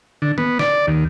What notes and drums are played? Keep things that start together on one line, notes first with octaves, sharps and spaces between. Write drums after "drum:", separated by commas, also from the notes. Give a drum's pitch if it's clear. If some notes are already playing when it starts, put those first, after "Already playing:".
D3
B3, drum: tom
D5, drum: snare
D#2